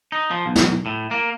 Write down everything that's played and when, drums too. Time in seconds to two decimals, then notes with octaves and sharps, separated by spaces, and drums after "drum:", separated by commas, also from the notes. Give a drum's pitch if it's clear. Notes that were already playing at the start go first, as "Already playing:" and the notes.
0.12 D#4
0.31 F3
0.46 B1
0.55 drum: snare
0.86 A2
1.11 A#3